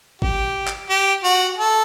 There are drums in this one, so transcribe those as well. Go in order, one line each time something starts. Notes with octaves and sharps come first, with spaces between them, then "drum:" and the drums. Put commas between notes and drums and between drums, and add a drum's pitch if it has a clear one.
G4, drum: kick G#1
drum: clap
G4
F#4
A4